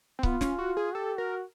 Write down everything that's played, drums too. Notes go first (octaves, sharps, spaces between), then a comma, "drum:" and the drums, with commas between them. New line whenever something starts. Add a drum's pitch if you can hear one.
C4
B3 F4, drum: kick C#1
C#4, drum: snare
F#4
G#4
G4 A4
F#4 A#4